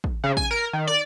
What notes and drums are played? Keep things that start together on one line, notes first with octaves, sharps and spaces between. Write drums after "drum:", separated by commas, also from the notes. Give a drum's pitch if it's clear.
drum: kick
C#3
G#5, drum: kick
A#4
D#3
D5